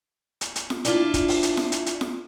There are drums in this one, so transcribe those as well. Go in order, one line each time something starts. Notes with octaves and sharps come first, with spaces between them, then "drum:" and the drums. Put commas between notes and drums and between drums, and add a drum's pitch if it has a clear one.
drum: hi-hat
drum: hi-hat
drum: snare F4
D4 E4 F4, drum: hi-hat
drum: kick, hi-hat
drum: open hi-hat
drum: hi-hat
drum: snare F4
drum: hi-hat
drum: hi-hat
drum: snare F4